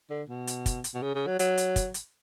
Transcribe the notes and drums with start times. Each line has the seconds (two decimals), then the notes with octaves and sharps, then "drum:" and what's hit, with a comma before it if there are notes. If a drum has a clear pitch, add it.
0.10 D3
0.29 B2
0.47 drum: hi-hat
0.66 drum: kick, hi-hat
0.84 drum: hi-hat
0.94 B2
1.02 C#3
1.15 C#3
1.27 F#3
1.39 F#3, drum: hi-hat
1.58 drum: hi-hat
1.76 drum: kick, hi-hat
1.94 drum: hi-hat